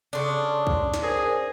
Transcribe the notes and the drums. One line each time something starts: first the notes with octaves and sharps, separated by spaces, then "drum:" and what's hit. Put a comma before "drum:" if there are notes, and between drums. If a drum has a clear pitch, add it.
C#3 D4 D5 C6 D#6
drum: kick B1
drum: snare
G#4 A#4 C5